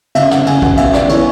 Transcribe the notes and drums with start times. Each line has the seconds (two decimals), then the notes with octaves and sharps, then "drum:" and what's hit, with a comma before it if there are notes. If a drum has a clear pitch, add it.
0.15 C#3 E5, drum: cymbal
0.31 F#5, drum: snare
0.46 C#3 G#5, drum: cymbal
0.62 F#5, drum: kick
0.77 B3 E5, drum: cymbal
0.94 D5, drum: snare
1.09 E3 C#5, drum: cymbal